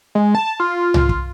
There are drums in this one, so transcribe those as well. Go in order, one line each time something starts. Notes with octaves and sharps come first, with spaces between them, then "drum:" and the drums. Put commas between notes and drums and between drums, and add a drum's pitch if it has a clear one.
G#3
A5
F4
drum: tom C2
drum: kick